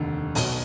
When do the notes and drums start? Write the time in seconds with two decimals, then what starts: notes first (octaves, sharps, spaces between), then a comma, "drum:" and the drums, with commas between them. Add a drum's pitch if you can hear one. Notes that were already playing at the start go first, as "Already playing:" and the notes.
Already playing: F1 D#2 D3
0.35 B1 B2 F#3, drum: open hi-hat